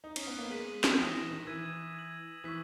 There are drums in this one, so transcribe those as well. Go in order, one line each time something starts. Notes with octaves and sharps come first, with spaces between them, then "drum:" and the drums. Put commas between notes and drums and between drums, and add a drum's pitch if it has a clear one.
D#4
C#4, drum: cymbal
B3
A#3
G#3 F#6 B6 D#7 F#7
drum: snare
E3 D#6 F#6 A#6 E7
E3
D#3
E3 E6 G#6 B6 D#7
G#6 D#7 F#7
E3 C#6 E6 B6 F#7